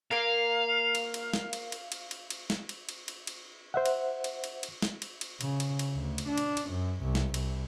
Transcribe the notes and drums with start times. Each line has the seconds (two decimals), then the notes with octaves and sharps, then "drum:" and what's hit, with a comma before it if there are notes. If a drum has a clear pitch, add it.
0.11 A#3 A#4 F5
0.95 drum: cymbal
1.14 drum: cymbal
1.34 drum: snare
1.53 drum: cymbal
1.72 drum: cymbal
1.92 drum: cymbal
2.11 drum: cymbal
2.30 drum: cymbal
2.50 drum: snare
2.69 drum: cymbal
2.89 drum: cymbal
3.08 drum: cymbal
3.27 drum: cymbal
3.74 C5 E5 F#5
3.86 drum: cymbal
4.24 drum: cymbal
4.44 drum: cymbal
4.63 drum: cymbal
4.82 drum: snare
5.02 drum: cymbal
5.21 drum: cymbal
5.41 C#3, drum: cymbal
5.60 drum: cymbal
5.79 drum: cymbal
5.94 D2
6.18 drum: cymbal
6.28 D4
6.38 drum: cymbal
6.57 drum: cymbal
6.69 F#2
7.02 C2
7.15 drum: snare
7.34 C2, drum: cymbal